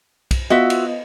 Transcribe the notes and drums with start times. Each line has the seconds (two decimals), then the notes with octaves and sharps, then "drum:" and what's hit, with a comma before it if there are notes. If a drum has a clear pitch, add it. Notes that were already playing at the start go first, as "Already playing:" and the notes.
0.31 drum: kick, cymbal
0.50 B3 F4 F#4 D#5 E5
0.70 drum: cymbal